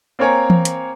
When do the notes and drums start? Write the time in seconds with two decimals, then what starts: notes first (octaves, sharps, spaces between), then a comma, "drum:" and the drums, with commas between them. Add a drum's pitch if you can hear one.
0.19 A#3 C4 A#4 C#5 G#5 A#5
0.50 drum: tom E3
0.65 drum: hi-hat